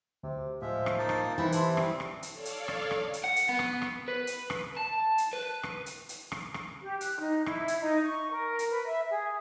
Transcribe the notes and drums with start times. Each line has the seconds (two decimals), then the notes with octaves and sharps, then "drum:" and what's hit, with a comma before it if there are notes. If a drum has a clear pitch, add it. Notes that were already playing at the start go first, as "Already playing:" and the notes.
0.23 D2 C3
0.62 A2 F3 G#3 E5
0.86 drum: rim click
0.98 A#3 D#4 A5
1.09 drum: rim click
1.38 C3 E3 D#4 E4 B5
1.52 B4 A5 B5 C6, drum: hi-hat
1.77 G3 C4, drum: rim click
2.00 drum: rim click
2.23 drum: hi-hat
2.32 A4 C#5 D5 F5
2.45 drum: hi-hat
2.68 drum: rim click
2.91 drum: rim click
3.13 drum: hi-hat
3.24 F#5
3.36 drum: hi-hat
3.49 B3
3.59 drum: rim click
3.82 drum: rim click
4.08 B4
4.27 drum: hi-hat
4.50 drum: rim click
4.77 A5
5.18 drum: hi-hat
5.33 B4
5.63 drum: rim click
5.86 drum: hi-hat
6.09 drum: hi-hat
6.32 drum: rim click
6.54 drum: rim click
6.83 G4
7.01 F#6, drum: hi-hat
7.19 D#4
7.46 E4, drum: rim click
7.68 drum: hi-hat
7.80 D#4
8.05 C#6
8.31 A#4
8.59 drum: hi-hat
8.71 B4
8.86 E5
9.10 G#4